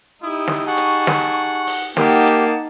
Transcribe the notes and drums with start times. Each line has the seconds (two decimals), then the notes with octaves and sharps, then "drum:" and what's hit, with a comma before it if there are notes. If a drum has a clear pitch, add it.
0.23 D#4 E4 G4 D#6
0.48 drum: snare
0.67 G#4 F#5 A5 C#6
0.77 drum: hi-hat
1.07 drum: snare
1.67 drum: open hi-hat
1.97 A#3 D#4 G4 F#5 A5, drum: snare
2.26 drum: hi-hat